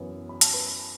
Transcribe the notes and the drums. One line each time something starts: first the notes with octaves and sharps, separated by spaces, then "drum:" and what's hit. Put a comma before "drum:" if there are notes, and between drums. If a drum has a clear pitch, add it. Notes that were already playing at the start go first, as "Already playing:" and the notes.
Already playing: F#2 E3 B3
B5
A5, drum: hi-hat
B4 B5